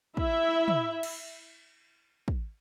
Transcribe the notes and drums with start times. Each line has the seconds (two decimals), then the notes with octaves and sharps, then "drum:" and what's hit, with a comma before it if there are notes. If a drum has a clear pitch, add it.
0.17 E4 E5, drum: kick
0.68 drum: tom
1.03 drum: cymbal
2.28 drum: kick